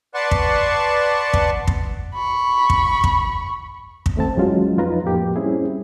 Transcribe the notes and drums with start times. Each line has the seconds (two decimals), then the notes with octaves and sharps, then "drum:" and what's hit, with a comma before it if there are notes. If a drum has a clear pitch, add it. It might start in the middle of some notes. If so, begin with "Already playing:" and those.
0.14 B4 D5 F#5 A5 C6 C#6
0.31 drum: kick
1.33 drum: kick
1.67 drum: kick
2.14 B5 C#6
2.70 drum: kick
3.04 drum: kick
4.06 drum: kick
4.16 D#2 A3 C4 A5
4.36 E3 F#3 G#3 C#4 F4 F#4
4.78 F2 D#4 F4 B4 A#5
5.04 F2 A2 A#3 G4
5.36 G3 C4 C#4 E4 G#4